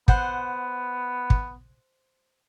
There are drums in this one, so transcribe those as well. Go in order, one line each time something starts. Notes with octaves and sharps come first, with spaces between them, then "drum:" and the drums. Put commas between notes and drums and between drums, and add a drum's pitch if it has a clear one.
B3 C5 F#5, drum: kick
drum: kick